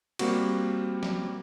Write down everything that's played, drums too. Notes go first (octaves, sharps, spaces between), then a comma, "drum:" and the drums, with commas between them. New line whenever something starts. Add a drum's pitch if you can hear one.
G3 A#3 C4 F#4, drum: cymbal
drum: snare